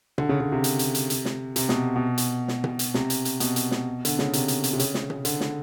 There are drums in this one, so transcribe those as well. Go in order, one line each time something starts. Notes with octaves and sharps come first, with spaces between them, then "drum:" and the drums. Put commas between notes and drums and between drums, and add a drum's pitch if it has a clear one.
D3, drum: tom B2
C#3
C#3
C3
drum: hi-hat
drum: hi-hat
drum: hi-hat
drum: hi-hat
drum: snare
C3, drum: hi-hat
B2, drum: snare
B2
drum: hi-hat
drum: snare
drum: tom B2
drum: hi-hat
C3, drum: snare
drum: hi-hat
drum: hi-hat
B2, drum: hi-hat
drum: hi-hat
drum: snare
D3, drum: hi-hat
C#3, drum: snare
C3, drum: hi-hat
drum: hi-hat
drum: hi-hat
C3
C#3, drum: hi-hat
drum: snare
drum: tom B2
D3, drum: hi-hat
drum: snare